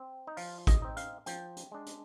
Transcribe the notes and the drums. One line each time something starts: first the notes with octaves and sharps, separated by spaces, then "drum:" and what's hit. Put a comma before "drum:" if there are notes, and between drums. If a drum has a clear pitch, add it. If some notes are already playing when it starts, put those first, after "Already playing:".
Already playing: C4
D#4
F3 F4, drum: open hi-hat
D#5, drum: kick G#1, hi-hat
C4 D#4
F5, drum: hi-hat
F3 G5, drum: hi-hat
drum: hi-hat
G#3 D4
drum: hi-hat